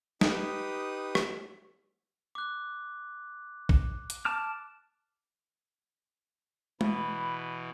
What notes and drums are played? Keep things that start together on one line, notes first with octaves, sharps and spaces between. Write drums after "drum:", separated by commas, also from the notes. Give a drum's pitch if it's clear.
D#4 G4 B4 D#6, drum: snare
drum: rim click
D6 F#6
drum: kick
drum: hi-hat
A5 D6 F6
B2 E3 B5, drum: tom G#3